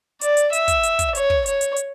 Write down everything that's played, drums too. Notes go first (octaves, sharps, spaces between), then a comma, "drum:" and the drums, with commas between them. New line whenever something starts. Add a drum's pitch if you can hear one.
D5, drum: hi-hat
drum: hi-hat
E5, drum: hi-hat
drum: kick, hi-hat
drum: hi-hat
drum: kick, hi-hat
C#5, drum: hi-hat
drum: kick
C#5, drum: hi-hat
drum: hi-hat
drum: hi-hat